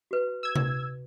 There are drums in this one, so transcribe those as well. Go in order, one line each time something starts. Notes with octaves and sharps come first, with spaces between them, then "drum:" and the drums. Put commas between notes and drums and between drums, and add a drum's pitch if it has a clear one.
F#4 B4
E6 G#6
drum: tom C3